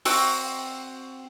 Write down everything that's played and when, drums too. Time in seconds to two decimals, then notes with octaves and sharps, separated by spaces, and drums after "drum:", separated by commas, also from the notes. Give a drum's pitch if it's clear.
0.05 C4 F#4 E6, drum: open hi-hat